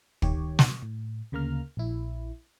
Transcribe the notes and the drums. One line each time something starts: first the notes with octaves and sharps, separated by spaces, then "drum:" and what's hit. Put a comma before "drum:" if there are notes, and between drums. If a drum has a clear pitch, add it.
D#3 G4 C#5, drum: kick
drum: snare
A2
D2 C#3 A#3 A#5 F6
A#1 E4